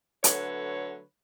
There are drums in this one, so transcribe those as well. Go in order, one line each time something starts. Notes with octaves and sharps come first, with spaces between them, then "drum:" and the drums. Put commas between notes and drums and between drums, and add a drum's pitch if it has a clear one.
D3 F#3 A3 B4 C#5, drum: hi-hat